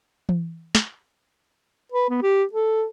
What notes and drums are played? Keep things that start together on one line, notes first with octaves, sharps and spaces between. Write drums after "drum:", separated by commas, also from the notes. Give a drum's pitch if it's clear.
drum: tom E3
drum: snare
B4
B3
G4
A4